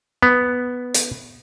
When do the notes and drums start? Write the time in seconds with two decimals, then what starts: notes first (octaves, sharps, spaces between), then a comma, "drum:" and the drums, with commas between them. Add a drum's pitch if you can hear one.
0.23 B3
0.94 drum: hi-hat